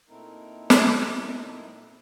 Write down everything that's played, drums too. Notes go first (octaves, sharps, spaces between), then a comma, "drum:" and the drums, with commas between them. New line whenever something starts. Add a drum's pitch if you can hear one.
A#2 A3 C4 D#4 E4 A#4
drum: snare